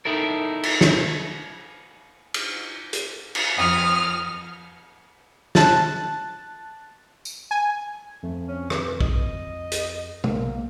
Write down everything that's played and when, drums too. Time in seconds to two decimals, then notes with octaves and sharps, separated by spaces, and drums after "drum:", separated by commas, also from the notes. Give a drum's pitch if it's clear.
0.05 D#4 E4 A4 A#4
0.63 drum: cymbal
0.81 drum: snare
2.34 drum: cymbal
2.93 drum: hi-hat
3.35 drum: cymbal
3.58 F2 D#6 F6
5.55 A5 F#6 A6, drum: snare
7.25 drum: tambourine
7.51 G#5
8.23 F2 A3
8.48 C#4
8.70 B4, drum: rim click
9.00 D#5, drum: kick
9.71 drum: hi-hat
10.24 B1 A#3, drum: tom